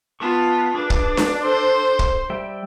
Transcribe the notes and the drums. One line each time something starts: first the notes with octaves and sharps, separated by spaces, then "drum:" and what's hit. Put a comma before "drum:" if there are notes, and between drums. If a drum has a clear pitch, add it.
B3 F4 A5 C#6
D4 G#4 B4
drum: kick
drum: snare D4
A4 C5
drum: kick
G3 E5 G5